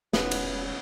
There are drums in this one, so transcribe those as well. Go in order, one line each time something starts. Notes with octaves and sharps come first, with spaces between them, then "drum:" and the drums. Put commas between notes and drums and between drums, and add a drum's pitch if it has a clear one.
E1 G#2 B3 C#4 D#4 B4, drum: snare
drum: cymbal